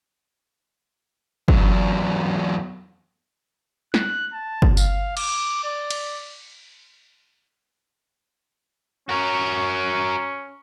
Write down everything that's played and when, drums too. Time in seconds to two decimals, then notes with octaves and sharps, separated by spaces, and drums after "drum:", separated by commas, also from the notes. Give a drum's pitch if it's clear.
1.48 E2 F#3, drum: kick
3.94 F#6, drum: snare
4.33 A5
4.62 drum: kick
4.77 F5, drum: tambourine
5.17 D6, drum: cymbal
5.64 D5
5.90 drum: cymbal
9.09 C#4 F#4 A#4